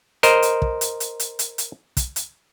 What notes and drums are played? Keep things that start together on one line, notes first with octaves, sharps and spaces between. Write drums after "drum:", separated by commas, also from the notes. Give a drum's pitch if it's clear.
A#4 C5 D#5, drum: hi-hat
drum: hi-hat
drum: kick
drum: hi-hat
drum: hi-hat
drum: hi-hat
drum: hi-hat
drum: hi-hat
drum: kick, hi-hat
drum: hi-hat